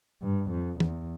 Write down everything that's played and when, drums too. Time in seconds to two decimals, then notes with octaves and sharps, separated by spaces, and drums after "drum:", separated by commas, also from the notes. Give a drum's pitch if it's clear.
0.22 G2
0.51 F2
0.80 E2, drum: tom